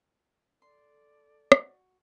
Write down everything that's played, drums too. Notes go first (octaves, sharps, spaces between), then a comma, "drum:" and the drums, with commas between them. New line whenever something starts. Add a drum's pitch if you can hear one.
A4 D5 C6
F#4, drum: rim click